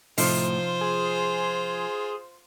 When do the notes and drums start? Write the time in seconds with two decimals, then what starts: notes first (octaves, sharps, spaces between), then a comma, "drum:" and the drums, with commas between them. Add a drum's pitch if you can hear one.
0.18 A2 C3 F3 D#4 F4 C5, drum: open hi-hat
0.81 G#4